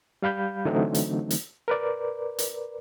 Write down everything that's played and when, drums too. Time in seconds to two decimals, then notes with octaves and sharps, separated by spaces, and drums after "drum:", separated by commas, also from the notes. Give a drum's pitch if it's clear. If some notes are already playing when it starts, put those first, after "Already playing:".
0.22 G3 F5 B5 G6
0.65 D3 E3 F#3 A3 C4 D#4
0.94 drum: hi-hat
1.30 drum: hi-hat
1.68 A#4 B4 D5
2.38 drum: hi-hat